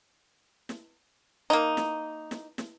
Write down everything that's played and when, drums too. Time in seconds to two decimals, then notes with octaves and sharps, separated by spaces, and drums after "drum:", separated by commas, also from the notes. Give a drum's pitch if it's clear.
0.69 drum: snare
1.50 A#3 D#4
1.77 drum: snare
2.31 drum: snare
2.58 drum: snare